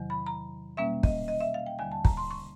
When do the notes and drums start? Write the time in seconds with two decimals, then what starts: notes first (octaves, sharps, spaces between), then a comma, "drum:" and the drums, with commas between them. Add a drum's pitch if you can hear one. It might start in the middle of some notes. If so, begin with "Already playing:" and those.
Already playing: E2 C3 D#3 F#3
0.10 B5
0.26 A#5
0.77 B2 G3 A#3 C#4 E5
1.03 D#5, drum: kick
1.28 D#5
1.41 E5
1.54 F5
1.66 G5
1.79 D#2 D3 G3 G#5
1.92 A5
2.05 A#5, drum: kick
2.17 C6
2.31 C#6